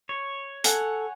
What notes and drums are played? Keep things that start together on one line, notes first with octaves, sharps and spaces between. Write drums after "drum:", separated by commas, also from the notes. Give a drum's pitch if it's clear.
C#5
A4 F#5 G#5, drum: hi-hat